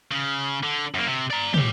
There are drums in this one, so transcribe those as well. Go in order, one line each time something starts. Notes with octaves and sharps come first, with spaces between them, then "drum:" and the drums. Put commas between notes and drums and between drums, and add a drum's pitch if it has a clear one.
C#3
D3
F#2 A#3
C3
D5 A#5
G4 C#5, drum: tom